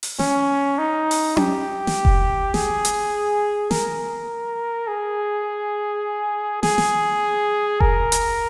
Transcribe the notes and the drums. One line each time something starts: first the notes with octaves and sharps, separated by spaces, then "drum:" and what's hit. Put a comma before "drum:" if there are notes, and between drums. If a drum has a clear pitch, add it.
drum: open hi-hat
C#4, drum: snare
D#4
drum: open hi-hat
G4, drum: tom C#4
drum: snare
drum: kick F1
G#4, drum: snare
drum: hi-hat
A#4, drum: snare
G#4
G#4, drum: snare
drum: snare
A#4, drum: kick F1
drum: hi-hat